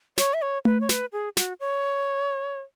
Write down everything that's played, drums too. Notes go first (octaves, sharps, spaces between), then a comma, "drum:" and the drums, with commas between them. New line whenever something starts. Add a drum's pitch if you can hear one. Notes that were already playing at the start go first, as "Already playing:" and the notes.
C#5, drum: snare
E5
C#5
B4, drum: tom A3
C#5
B4, drum: snare
G#4
F#4, drum: snare
C#5